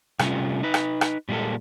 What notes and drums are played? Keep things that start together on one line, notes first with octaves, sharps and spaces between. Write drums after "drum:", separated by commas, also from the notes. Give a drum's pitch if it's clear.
C3 G3 A3 C#4 F4, drum: rim click
D#4 B4
drum: rim click
drum: rim click
A#2 G3 G#3 A#3 A4